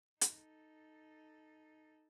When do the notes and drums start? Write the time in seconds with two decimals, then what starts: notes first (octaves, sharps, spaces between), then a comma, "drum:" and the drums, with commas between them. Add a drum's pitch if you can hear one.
0.21 D#4 A4, drum: hi-hat